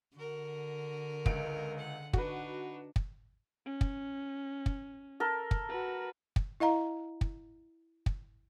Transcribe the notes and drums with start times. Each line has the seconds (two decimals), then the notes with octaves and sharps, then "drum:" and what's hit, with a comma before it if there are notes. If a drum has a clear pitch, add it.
0.17 D3 F#4 A#4
1.26 C#2 D7, drum: kick
1.79 F#5
2.13 D4 D#4 F#4 B4, drum: kick
2.96 drum: kick
3.66 C#4
3.81 drum: kick
4.66 drum: kick
5.20 A4 A#4
5.51 drum: kick
5.69 F#4 B4
6.36 drum: kick
6.60 E4 D#5 F5 A#5
7.21 drum: kick
8.06 drum: kick